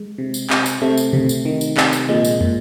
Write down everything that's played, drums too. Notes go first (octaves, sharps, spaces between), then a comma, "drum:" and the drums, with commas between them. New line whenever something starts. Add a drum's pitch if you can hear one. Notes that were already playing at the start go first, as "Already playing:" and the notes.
Already playing: G#3
C3
drum: tambourine
C3, drum: clap
drum: tambourine
C3 A3
drum: tambourine
C3, drum: tom B2
drum: tambourine
D#3
drum: tambourine
C3, drum: clap
drum: tambourine
A#2 G#3
drum: tambourine
A#2, drum: tom